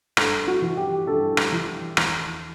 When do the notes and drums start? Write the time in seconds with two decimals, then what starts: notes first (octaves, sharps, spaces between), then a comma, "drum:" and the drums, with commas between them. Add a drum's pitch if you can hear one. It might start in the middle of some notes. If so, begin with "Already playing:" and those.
0.17 G2 A4, drum: rim click
0.47 F#4
0.62 E3
0.77 G4
1.07 G2 A4
1.37 drum: rim click
1.52 E3
1.97 E2, drum: rim click